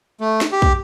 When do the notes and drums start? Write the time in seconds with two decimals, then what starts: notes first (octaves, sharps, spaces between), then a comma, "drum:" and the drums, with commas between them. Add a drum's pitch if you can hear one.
0.21 A3
0.41 drum: snare
0.52 G4
0.62 drum: kick